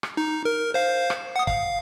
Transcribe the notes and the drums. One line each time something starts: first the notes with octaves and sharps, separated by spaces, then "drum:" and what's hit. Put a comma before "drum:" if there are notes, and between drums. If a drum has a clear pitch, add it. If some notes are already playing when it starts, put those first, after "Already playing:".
drum: rim click
D#4
A#4
C5 F5
drum: rim click
F#5 D#6
F5, drum: kick